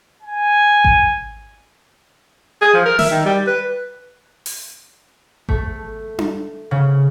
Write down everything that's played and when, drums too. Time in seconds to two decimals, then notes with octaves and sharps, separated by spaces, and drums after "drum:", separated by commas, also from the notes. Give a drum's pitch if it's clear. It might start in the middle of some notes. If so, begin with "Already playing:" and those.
0.22 G#5
0.84 drum: kick G#1
2.61 G#4
2.74 F3
2.85 A#4
2.99 E5, drum: snare
3.11 D#3
3.25 G3
3.47 B4
4.46 drum: open hi-hat
5.49 A3, drum: kick G#1
6.19 drum: tom D4
6.71 C#3